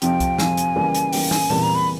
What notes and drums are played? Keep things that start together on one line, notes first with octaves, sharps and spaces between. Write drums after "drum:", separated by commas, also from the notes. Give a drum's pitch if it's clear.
F2 C3 F3 G5, drum: hi-hat
drum: kick C2, hi-hat
F2 C3 F3 G#5, drum: snare
drum: hi-hat
C#3 E3 G3 A#3
drum: hi-hat
C#3 E3 G3 A#3 G5, drum: open hi-hat
G#5, drum: snare
E2 C3 E3 G3 A#3 A5, drum: tom A#2
A#5
B5